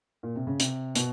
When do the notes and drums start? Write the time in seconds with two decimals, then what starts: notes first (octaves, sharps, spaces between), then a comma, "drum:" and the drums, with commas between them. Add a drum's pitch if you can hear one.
0.23 A#2
0.36 C3
0.47 C#3
0.59 C3, drum: hi-hat
0.95 B2, drum: hi-hat